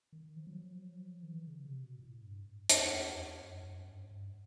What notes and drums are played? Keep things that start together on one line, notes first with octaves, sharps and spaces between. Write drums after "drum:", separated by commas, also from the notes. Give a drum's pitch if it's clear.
D#3
F3
F#3
F3
F#3
F3
F#3
F3
D#3
E3
C#3
C3
B2
A#2
A2
G2
F#2, drum: hi-hat
E2
F2
E2
F2
F#2
F#2
G2
G2